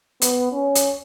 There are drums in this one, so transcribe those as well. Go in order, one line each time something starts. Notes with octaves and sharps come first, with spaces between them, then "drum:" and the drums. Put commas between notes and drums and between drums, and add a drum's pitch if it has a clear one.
B3, drum: hi-hat
C#4
drum: hi-hat